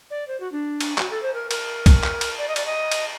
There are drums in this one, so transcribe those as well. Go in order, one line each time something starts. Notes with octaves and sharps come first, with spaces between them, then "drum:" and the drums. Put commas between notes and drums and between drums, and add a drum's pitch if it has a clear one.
D5
C5
F#4
D4
drum: cymbal
F#4, drum: clap
A4
C5
A#4
A#4, drum: cymbal
drum: kick, cymbal
drum: clap
drum: cymbal
D5
D#5
D5, drum: cymbal
D#5
drum: cymbal